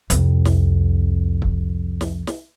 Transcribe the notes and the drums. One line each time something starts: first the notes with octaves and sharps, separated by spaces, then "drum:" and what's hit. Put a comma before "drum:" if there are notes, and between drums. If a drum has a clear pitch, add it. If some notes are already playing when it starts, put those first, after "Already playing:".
C2 F2, drum: hi-hat
drum: snare
drum: kick
drum: snare
drum: snare